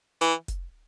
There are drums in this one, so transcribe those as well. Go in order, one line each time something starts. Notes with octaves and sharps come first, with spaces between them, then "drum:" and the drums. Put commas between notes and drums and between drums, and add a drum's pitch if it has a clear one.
E3, drum: hi-hat
drum: kick F1, hi-hat